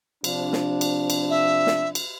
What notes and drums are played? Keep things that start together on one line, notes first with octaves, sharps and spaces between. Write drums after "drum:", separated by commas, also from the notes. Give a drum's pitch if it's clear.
C3 F3 D4, drum: cymbal
drum: snare
drum: cymbal
drum: cymbal
E5
drum: snare
drum: cymbal